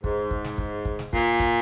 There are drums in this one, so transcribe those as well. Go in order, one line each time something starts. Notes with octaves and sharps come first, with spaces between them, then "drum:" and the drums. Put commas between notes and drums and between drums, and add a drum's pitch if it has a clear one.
G#2, drum: kick
drum: kick
drum: snare
drum: kick
drum: kick
drum: snare
A#2, drum: kick
drum: kick